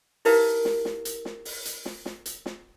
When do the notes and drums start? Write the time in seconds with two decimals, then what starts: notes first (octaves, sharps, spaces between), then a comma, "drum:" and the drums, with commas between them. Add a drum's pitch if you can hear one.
0.25 D#4 E4 G4 A#4 B4 F5, drum: open hi-hat
0.65 drum: snare
0.85 drum: snare
1.05 drum: hi-hat
1.25 drum: snare
1.45 drum: open hi-hat
1.65 drum: hi-hat
1.85 drum: snare
2.06 drum: snare
2.26 drum: hi-hat
2.46 drum: snare